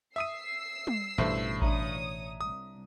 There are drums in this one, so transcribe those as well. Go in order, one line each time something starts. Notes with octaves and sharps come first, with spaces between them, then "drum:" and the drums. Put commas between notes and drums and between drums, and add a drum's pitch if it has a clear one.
E5 D#6 E6 C7 D#7
drum: tom
A1 G2 B2 E3 A4 C5 E5
D4 C#5 E5 A#5 D#6, drum: kick A1
C2 D#6